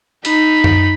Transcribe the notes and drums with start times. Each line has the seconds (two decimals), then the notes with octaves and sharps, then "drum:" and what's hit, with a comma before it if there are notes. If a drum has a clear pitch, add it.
0.25 D#4 B5, drum: hi-hat
0.64 drum: tom F#2